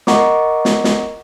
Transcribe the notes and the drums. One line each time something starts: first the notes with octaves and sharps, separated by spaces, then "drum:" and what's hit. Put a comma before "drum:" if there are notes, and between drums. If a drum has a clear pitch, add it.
A#4 D#5 F#5 A#5 C#6 D6, drum: snare
drum: snare
drum: snare